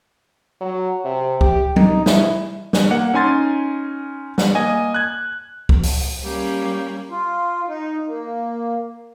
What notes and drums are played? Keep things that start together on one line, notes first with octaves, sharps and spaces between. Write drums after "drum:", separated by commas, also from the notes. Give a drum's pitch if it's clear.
F#3
C3
G4, drum: kick C#2
D#4, drum: tom F#3
E4, drum: snare
drum: snare
A#3 F#5
C#4 D#4 G#5 C6 A6
drum: snare
A#3 D#5 G#5
F#6 G#6
drum: kick C#2
drum: open hi-hat
G3 A#3 C#4 G4
F4
D#4
A#3